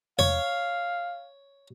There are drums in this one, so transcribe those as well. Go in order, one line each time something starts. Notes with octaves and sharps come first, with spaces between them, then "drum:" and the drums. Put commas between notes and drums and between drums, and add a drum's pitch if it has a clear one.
C#5 F5, drum: tom E2